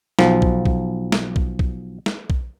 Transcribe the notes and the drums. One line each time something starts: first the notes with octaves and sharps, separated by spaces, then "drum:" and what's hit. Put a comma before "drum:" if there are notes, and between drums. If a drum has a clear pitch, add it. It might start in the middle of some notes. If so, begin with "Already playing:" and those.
B1 F3, drum: snare
drum: kick
drum: kick
drum: snare
drum: kick
drum: kick
drum: snare
drum: kick